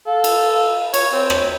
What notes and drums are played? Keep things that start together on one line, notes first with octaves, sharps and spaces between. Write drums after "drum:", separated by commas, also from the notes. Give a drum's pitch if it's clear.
A4 F5
drum: cymbal
C#5, drum: cymbal
C4 C#5
drum: rim click